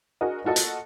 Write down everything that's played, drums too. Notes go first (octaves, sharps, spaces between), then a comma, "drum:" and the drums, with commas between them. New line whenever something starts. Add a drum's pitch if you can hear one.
D4 F#4 G#4 A#4 D#5
A#3 F4 F#4 A4 D#5
drum: hi-hat